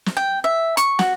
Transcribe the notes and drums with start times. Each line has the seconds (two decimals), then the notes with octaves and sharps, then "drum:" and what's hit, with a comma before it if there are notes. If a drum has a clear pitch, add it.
0.06 drum: snare
0.17 G5
0.44 E5
0.77 C#6, drum: hi-hat
0.99 F#4, drum: snare